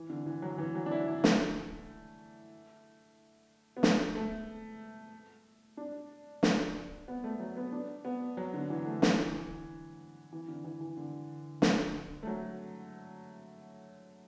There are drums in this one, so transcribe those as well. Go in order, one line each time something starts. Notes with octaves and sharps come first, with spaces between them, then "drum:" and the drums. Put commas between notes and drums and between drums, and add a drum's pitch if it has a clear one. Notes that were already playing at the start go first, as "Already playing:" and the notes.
Already playing: E3
D3
E3
F#3
E3
F#3
D4
E4
D4
A3, drum: snare
B3
A3, drum: snare
A3
D4
drum: snare
B3
A3
F#3
B3
D4
B3
F#3
D3
E3
A3
E3, drum: snare
E3
D3
E3
E3
D3
drum: snare
A3
F#3